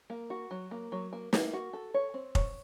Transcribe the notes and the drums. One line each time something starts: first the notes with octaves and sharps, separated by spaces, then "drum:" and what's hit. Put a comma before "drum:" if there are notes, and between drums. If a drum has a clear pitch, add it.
A#3
F#4
F#3
A#3
F#3
A#3
A#3, drum: snare
F#4
A4
C#5
C4
C#5, drum: kick F1